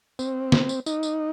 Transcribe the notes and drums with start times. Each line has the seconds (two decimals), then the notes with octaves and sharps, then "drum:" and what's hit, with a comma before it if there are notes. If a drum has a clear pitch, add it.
0.19 C4, drum: tambourine
0.52 drum: snare
0.69 drum: tambourine
0.86 D#4, drum: tambourine
1.03 drum: tambourine